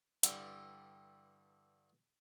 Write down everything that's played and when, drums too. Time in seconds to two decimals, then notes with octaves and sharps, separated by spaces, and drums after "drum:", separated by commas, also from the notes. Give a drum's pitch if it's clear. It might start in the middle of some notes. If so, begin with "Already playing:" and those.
0.23 G2 D3 E3 G3, drum: hi-hat